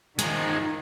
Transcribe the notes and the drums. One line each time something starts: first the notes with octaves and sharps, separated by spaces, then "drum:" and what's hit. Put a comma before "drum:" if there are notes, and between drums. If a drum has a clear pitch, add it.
D#3 F3 G#3, drum: hi-hat